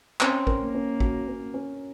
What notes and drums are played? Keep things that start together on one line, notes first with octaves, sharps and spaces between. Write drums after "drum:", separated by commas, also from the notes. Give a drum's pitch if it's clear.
C4 C#4, drum: clap
A#4, drum: kick A1
A#3
C#4
F#4, drum: kick A1
C#4
C#4